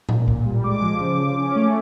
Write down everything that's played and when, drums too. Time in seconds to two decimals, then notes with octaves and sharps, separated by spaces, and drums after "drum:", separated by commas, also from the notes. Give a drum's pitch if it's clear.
0.09 A#2, drum: tom A2
0.28 A#2, drum: kick
0.46 G3
0.64 G#3 D6
0.82 F3
1.00 C#3
1.18 F3
1.37 C#4
1.56 A3